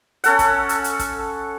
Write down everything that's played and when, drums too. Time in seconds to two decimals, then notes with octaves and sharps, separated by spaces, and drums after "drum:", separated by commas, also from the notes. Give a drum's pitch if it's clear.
0.24 C#4 A4 F#5, drum: hi-hat
0.39 drum: kick, hi-hat
0.69 drum: hi-hat
0.84 drum: hi-hat
0.99 drum: kick, hi-hat